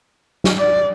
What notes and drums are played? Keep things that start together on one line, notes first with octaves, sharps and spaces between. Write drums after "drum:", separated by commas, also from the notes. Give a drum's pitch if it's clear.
drum: snare
D5